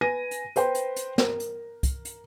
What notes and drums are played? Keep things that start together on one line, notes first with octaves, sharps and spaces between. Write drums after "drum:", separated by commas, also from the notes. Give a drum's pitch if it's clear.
B4 G#5 A#6 D#7
drum: hi-hat
B4 C5 G5 C6, drum: hi-hat
drum: hi-hat
drum: hi-hat
A#4, drum: snare
drum: hi-hat
drum: kick, hi-hat
drum: hi-hat